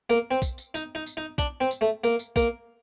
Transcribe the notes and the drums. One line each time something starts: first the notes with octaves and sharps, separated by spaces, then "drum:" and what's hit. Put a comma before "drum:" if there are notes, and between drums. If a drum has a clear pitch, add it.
A#3, drum: tambourine
C4
drum: kick, tambourine
drum: tambourine
D#4, drum: tambourine
D#4
drum: tambourine
D#4
D4, drum: kick, tambourine
C4
drum: tambourine
A3
A#3, drum: tambourine
drum: tambourine
A#3, drum: kick, tambourine